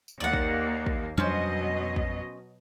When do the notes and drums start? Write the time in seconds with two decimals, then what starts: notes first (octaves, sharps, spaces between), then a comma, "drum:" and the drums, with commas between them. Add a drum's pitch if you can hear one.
0.08 drum: tambourine
0.20 D#2 A#3 D5 F#5
0.33 drum: kick
0.86 drum: kick
1.18 F2 B2 F#3 G3 C#4 D4 C5 D#5
1.96 drum: kick